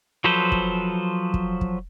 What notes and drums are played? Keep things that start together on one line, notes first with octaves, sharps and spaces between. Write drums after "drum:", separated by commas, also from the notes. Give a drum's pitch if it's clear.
F3 F#3 A4 B4 C5
drum: kick
drum: kick
drum: kick